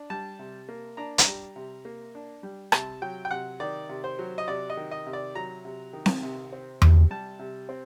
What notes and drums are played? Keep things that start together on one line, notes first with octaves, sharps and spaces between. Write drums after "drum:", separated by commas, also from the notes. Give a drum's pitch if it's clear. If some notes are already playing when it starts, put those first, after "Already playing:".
Already playing: D4
G3 A5
C3
A#3
D4 A#5
A#5, drum: hi-hat
G3
C3
A#3
D4
G3
C3 A5, drum: rim click
F#3 G5
G5
C3 F#5
D#3 D5
C3
C5
F#3
D#5
C3 D5
D#5
D#3
D#5
C3
D5
F#3 A#5
C3
D#3
drum: snare C4
C3
C4
C3, drum: tom E2
G3 A5
C3
C4